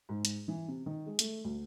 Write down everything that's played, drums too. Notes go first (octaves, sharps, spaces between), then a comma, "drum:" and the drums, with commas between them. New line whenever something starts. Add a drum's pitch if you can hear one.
G#2
drum: hi-hat
E3
C3
D#3
G#3
A3, drum: hi-hat
D2